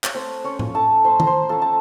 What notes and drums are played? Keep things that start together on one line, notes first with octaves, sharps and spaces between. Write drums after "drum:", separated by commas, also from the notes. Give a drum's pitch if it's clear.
C#5, drum: clap
A3 C4 C5
C#4 C#5
C#4 F4, drum: tom A2
A4 A5
A3 C5 C6
A#5, drum: tom D#3
C5 C6
C#4 F4 A4 A5
A5